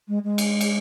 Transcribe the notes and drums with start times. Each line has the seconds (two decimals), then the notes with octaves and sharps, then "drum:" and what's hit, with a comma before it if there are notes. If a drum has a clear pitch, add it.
0.08 G#3
0.24 G#3
0.38 drum: cymbal
0.61 drum: cymbal